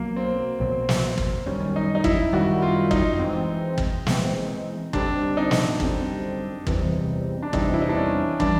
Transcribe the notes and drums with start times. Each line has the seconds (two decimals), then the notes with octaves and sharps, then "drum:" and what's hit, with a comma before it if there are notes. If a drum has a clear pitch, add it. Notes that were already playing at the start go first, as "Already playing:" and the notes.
Already playing: B1 B2 F#3 A#3
0.16 C4
0.59 B1 B2 F#3 C4
0.89 drum: snare
1.18 drum: kick
1.46 F#2 D#3 G3 C#4
1.76 D#4
1.95 D#4
2.04 E4, drum: kick
2.33 F#2 D#3 G3 F#4
2.62 F4
2.91 D#4, drum: kick
3.19 E3 G#3 C4
3.78 drum: kick
4.07 E3 G#3 C4, drum: snare
4.93 F#2 D3 G3 C4 D4, drum: kick
5.37 D#4
5.51 drum: snare
5.80 F#2 D3 G3 C4, drum: kick
6.67 E2 C3 E3 G3 C4, drum: kick
7.42 D4
7.53 E2 C3 E3 G3 C4 D#4, drum: kick
7.74 E4
7.82 D#4
7.89 D4
7.96 C#4
8.40 E3 G3 D4, drum: kick